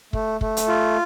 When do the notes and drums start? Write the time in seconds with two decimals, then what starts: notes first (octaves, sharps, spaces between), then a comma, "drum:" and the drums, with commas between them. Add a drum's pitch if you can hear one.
0.13 A3, drum: kick
0.41 A3, drum: kick
0.57 drum: hi-hat
0.68 F4